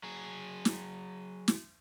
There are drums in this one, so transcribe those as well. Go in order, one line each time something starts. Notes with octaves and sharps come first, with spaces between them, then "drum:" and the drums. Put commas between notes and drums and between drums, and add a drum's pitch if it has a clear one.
F#3 G#4
drum: snare
drum: snare